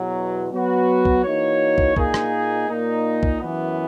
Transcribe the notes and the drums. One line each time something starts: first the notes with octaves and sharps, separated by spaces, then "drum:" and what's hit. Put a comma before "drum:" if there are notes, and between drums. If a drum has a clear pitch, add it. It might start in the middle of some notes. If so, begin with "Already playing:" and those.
Already playing: E2 B2 F#3
F#3 B3 F#4 B4
drum: kick
E3 A#3 D#4 F#4 C#5
drum: kick
A#2 A#3 D#4 G#4, drum: kick
drum: rim click
A#2 A#3 D#4
drum: kick
F#2 E3 B3